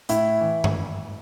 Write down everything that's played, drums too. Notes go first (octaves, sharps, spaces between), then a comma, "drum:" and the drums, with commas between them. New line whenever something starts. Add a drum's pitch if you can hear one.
A2 E4, drum: hi-hat
E3
drum: tom G2